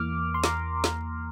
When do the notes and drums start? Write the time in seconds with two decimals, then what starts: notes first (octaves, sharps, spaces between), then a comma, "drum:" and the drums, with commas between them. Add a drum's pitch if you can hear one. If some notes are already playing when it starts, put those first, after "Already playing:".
Already playing: E2 E3 A#3 D6 F6
0.34 C6
0.44 A#5 D6, drum: snare
0.84 drum: snare